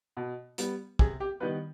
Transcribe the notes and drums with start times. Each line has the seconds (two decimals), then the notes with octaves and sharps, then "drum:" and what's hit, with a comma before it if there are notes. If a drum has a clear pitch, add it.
0.17 B2
0.58 G3 B3, drum: hi-hat
0.99 C3 G#4, drum: kick
1.20 G4
1.40 D#3 G3 B3 B4